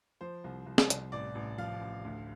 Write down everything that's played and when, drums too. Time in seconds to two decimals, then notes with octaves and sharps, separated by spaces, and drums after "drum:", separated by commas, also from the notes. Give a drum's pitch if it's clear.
0.21 F3 C5
0.44 C2
0.66 C2
0.78 drum: snare
0.90 C2, drum: hi-hat
1.12 A1 D5
1.35 A1
1.58 F3 F5
1.81 A1
2.05 D2